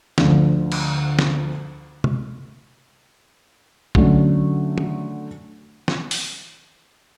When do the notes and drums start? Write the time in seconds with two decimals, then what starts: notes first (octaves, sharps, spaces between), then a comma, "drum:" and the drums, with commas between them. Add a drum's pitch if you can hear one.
0.18 D2 D3 F3, drum: snare
0.72 drum: cymbal
1.19 drum: snare
2.04 drum: tom C3
3.95 D3 F#3 A3 C#4 F#4, drum: kick A#1
4.78 drum: tom
5.88 drum: snare
6.11 drum: open hi-hat